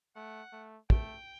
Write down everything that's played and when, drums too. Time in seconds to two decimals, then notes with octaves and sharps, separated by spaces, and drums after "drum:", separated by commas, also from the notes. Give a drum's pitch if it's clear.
0.16 A3 F#5
0.53 A3
0.90 A3 G5, drum: kick